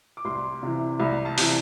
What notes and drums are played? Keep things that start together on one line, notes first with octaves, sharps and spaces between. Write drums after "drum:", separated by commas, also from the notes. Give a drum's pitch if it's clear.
D6
C2 C6
C3 E3
C2 B5
A5
C3 E3, drum: open hi-hat